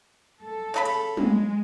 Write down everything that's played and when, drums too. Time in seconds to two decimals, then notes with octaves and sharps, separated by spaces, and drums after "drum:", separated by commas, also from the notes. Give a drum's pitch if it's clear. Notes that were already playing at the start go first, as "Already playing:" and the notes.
0.43 A4
0.74 C#3 D#4 B5
0.85 drum: cymbal
1.17 G#3, drum: tom